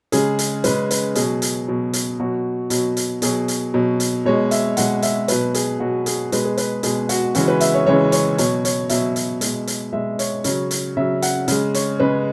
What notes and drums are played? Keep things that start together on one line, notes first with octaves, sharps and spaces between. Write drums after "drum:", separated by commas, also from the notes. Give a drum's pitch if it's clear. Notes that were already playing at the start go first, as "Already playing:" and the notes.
C#3 G#3 G#4, drum: hi-hat
drum: hi-hat
C#3 G#3 B4, drum: hi-hat
B4, drum: hi-hat
B2 F#3 G#4, drum: hi-hat
drum: hi-hat
B2 F#3
drum: hi-hat
B2 F#3 F#4
B2 F#3, drum: hi-hat
drum: hi-hat
B2 F#3 G#4, drum: hi-hat
drum: hi-hat
B2 F#3
drum: hi-hat
B2 G#3 C#5
E5, drum: hi-hat
B2 G#3 F#5, drum: hi-hat
E5, drum: hi-hat
B2 F#3 B4, drum: hi-hat
G#4, drum: hi-hat
B2 F#3 F#4
G#4, drum: hi-hat
B2 G#3 B4, drum: hi-hat
G#4
B4, drum: hi-hat
B2 G#3 G#4, drum: hi-hat
F#4, drum: hi-hat
C#3 E3 G#3 F#4, drum: hi-hat
B4
E5, drum: hi-hat
C#5
C#3 E3 G#3 C#5
C#5, drum: hi-hat
B2 F#3 C#5, drum: hi-hat
C#5, drum: hi-hat
B2 F#3 E5, drum: hi-hat
drum: hi-hat
B2 G#3, drum: hi-hat
drum: hi-hat
B2 G#3 E5
C#5, drum: hi-hat
C#3 F#3 C#5, drum: hi-hat
drum: hi-hat
C#3 F#3 E5
F#5, drum: hi-hat
C#3 G#3, drum: hi-hat
C#5, drum: hi-hat
C#3 G#3 B4